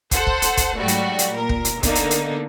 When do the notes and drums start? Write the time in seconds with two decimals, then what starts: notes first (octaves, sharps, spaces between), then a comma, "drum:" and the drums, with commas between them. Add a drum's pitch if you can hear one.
0.11 A4 C5 F#5, drum: kick, hi-hat
0.27 drum: kick
0.42 drum: hi-hat
0.57 drum: kick, hi-hat
0.76 G#2 F#3 G3 A3 F#4
0.88 drum: hi-hat
1.19 drum: hi-hat
1.30 A#2 A#4
1.49 drum: kick
1.65 drum: hi-hat
1.83 D3 A#3 B3 D4 D#4, drum: kick, hi-hat
1.95 drum: hi-hat
2.11 drum: hi-hat